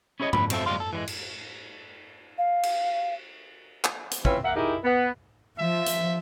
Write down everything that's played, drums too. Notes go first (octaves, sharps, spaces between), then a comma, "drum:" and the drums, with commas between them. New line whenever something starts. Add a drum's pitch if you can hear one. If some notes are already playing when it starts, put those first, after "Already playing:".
C#4 E4 G#4 C#5 D#5
D3 B5, drum: tom G#2
B1 F#3 C4 F4 A4 E5, drum: cymbal
D2 F#3 G#3 D5 F5 C6
A4
E3 G3 G#3
drum: cymbal
F5
drum: cymbal
drum: clap
drum: hi-hat
E3 C4 C#4 F4 B4 E5, drum: kick
A#3 E5 F#5
D#4 E4 G4 G#4 A#4 D#5
B3
F3 E5
drum: hi-hat